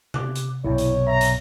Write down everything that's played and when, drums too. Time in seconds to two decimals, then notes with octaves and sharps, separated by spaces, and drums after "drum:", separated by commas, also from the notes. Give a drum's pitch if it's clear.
0.14 C3 D6 F#6, drum: tom C3
0.35 drum: hi-hat
0.64 B1 G2 C3 E4 C#5
0.78 drum: hi-hat
1.07 E5 A#5
1.21 drum: hi-hat